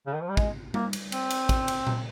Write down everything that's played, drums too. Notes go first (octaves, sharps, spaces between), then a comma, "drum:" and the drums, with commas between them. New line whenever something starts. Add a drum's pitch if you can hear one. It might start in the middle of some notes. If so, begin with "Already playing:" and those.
C#3
D#3
F3
G3
G#3, drum: kick
A#3, drum: tom G3
drum: cymbal
C4, drum: cymbal
drum: cymbal
drum: kick, cymbal
drum: cymbal
drum: tom A#2